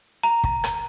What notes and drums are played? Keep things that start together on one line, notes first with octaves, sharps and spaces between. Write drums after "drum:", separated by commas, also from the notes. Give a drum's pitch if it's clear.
A#5
drum: kick
drum: rim click